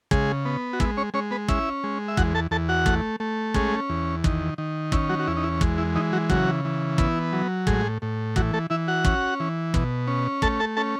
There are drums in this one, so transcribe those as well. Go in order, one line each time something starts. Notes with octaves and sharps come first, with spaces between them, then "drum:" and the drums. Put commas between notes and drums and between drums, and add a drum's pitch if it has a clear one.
C#3 G#3 G#4, drum: kick
B3
F#4
G#3 E4, drum: kick
C#4 C#5
G#3 C#4 C#5
B3 B4
C#4 E4 E5, drum: kick
G#3
E5
E2 F#4 F#5, drum: kick
A4 A5
E2 A4 A5
F#4 F#5
A3, drum: kick
A3
G#3 C#4 G#4, drum: kick
E2
D#3, drum: kick
D#3
C#4 E4, drum: kick
F#3 F#4
F#4
E2 E4
D#4
E4
G#3, drum: kick
E4
E3 D#4
F#3 F#4
C#3 F#3 F#4, drum: kick
E3
B3 E4, drum: kick
F#3
A2 G#3 G#4, drum: kick
A2
E3 F#3 F#4, drum: kick
A3 A4
E3 E4 E5
F#4 F#5
C#4, drum: kick
E3
B2, drum: kick
C#4
A3 A4 A5, drum: kick
A4 A5
C#4 A4 A5